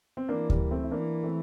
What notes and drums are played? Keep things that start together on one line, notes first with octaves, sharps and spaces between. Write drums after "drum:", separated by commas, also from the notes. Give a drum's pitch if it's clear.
C4
E3 A#3 D4
G3 A#3, drum: kick D2
A3 C4
E4
E3 A#3 D4
A3 C4